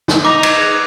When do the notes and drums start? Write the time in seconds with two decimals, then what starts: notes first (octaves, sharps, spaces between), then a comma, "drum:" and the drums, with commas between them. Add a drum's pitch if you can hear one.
0.08 drum: snare
0.25 D#4 A#5 D6
0.43 drum: cymbal